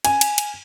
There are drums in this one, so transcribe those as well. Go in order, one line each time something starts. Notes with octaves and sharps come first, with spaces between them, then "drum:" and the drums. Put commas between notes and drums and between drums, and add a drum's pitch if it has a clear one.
G#5, drum: cymbal
drum: cymbal
drum: cymbal